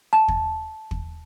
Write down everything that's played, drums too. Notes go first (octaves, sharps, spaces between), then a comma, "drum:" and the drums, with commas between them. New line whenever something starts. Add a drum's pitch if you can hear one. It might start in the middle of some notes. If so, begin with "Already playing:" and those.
A5
drum: kick
drum: kick